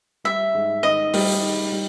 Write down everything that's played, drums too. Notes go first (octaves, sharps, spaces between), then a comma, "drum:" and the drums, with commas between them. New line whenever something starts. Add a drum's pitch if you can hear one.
G3 E5
G#2
D#3 D#5
G3, drum: open hi-hat
D#3
G3